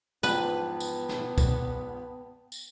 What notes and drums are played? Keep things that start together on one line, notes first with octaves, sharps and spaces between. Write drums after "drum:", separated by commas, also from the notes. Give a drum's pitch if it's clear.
E2 G#2 F3 B3 B4 G5 A5, drum: tambourine
drum: tambourine
drum: snare
drum: kick, tambourine
drum: tambourine